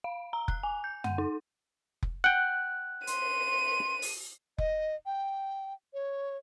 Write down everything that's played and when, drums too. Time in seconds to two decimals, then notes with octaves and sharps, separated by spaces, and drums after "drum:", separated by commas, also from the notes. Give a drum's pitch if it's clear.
0.04 F5
0.33 A#5
0.48 F#6, drum: kick F1
0.63 G#5
0.84 G6
1.04 F#5, drum: tom F#2
1.18 D#4
2.03 drum: kick F1
2.24 F#5 G5 F#6
3.07 C6 D#7, drum: hi-hat
4.02 drum: open hi-hat
4.58 D#5, drum: kick F1
5.06 G5
5.94 C#5